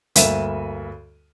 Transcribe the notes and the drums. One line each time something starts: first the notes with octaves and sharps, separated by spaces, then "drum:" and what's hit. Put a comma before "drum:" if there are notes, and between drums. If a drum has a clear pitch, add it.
D2 G2 A#3 E5 D#7 E7, drum: hi-hat